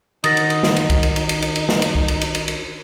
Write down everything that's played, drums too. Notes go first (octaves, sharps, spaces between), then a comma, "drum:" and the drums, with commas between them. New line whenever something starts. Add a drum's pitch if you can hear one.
D#3 D#4 A#4 F#5 D#6 A6 A#6, drum: cymbal
drum: cymbal
drum: cymbal
drum: snare
drum: cymbal
drum: kick, cymbal
drum: cymbal
drum: cymbal
drum: cymbal
drum: cymbal
drum: cymbal
drum: snare
drum: cymbal
drum: kick
drum: cymbal
drum: cymbal
drum: cymbal
drum: cymbal